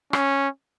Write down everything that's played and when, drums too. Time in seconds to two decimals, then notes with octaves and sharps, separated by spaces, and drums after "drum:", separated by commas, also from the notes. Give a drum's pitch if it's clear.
0.13 C#4, drum: rim click